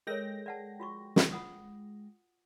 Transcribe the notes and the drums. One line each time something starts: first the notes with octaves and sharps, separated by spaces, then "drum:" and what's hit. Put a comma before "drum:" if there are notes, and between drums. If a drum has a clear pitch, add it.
G#3 A4 A#4 C#5 G5 A#6
D5 F#5 A5
F4 F#4 C#6
drum: snare
F4 F#5 D#6